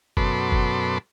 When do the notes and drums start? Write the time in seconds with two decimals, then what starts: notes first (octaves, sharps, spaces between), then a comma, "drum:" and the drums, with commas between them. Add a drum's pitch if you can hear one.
0.17 F#2 B2 A4 B5 C6 D6, drum: kick F#1
0.52 drum: kick F#1